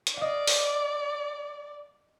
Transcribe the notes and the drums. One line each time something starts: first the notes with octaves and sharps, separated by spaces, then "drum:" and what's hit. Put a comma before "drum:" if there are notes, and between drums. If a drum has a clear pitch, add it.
drum: hi-hat
D5 D#5 F5
drum: open hi-hat